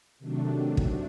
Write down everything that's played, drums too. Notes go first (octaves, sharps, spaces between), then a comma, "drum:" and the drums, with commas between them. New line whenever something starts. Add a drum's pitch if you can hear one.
C3 D#3 F#3 A3 D4
drum: kick